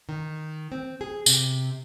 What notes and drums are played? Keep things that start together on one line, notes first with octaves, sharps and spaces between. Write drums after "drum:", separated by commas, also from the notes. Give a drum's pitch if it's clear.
D#3
C4
G#4
C3, drum: tambourine